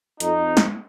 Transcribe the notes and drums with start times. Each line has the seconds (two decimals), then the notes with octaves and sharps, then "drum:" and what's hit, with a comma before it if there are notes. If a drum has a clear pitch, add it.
0.20 F2 D#4, drum: hi-hat
0.57 drum: snare